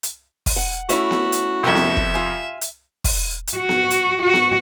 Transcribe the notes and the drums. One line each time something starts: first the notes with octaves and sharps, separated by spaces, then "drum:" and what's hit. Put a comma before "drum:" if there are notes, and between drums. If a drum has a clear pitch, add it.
drum: hi-hat
drum: kick, open hi-hat
F#5
A3 C#4 E4 F#4, drum: hi-hat
drum: snare B3
drum: hi-hat
C2 F2 E5
drum: snare B3
drum: kick
F4 G#5
drum: hi-hat
drum: kick, open hi-hat
drum: hi-hat
F#4
drum: snare B3
drum: hi-hat
F#4
drum: snare B3